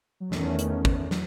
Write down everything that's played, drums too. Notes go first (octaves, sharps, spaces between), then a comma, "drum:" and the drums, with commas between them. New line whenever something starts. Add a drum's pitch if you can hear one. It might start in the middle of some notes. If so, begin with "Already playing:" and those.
F#3
E2 D#3 E3 A3 C#4, drum: snare
drum: hi-hat
drum: kick
F#3, drum: snare